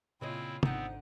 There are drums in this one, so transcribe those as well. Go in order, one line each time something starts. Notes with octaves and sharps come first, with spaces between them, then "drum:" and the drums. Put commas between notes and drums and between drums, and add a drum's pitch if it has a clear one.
A#2 C#3 C4 E4 F4 C#5 D#5
G#1 D3 B3 C4 D#4 C5 F#5, drum: tom